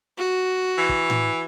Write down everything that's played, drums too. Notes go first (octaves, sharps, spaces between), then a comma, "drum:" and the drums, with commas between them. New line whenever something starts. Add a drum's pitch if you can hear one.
F#4
E3
drum: kick
drum: tom A2